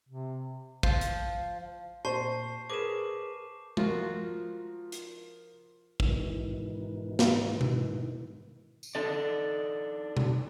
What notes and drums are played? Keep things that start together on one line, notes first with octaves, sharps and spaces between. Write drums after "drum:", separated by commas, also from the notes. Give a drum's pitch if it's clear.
C3
F3, drum: kick
drum: hi-hat
A#2 C5 A5 C#6 C7
G#4 A#4 B4 D6 E7
F3 F4 F#4 A#4, drum: tom G#3
drum: hi-hat
G#2 B2 D#3 E3, drum: kick
drum: snare
drum: tom B2
drum: tambourine
D4 D#4 A4 D5
drum: tom B2